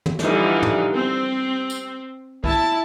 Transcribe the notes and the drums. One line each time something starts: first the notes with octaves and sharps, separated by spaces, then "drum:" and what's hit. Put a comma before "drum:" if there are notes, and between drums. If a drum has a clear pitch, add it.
drum: tom
D3 E3 F3 G3 D4 D#4, drum: snare
drum: tom
C4
drum: tambourine
E4 A5, drum: kick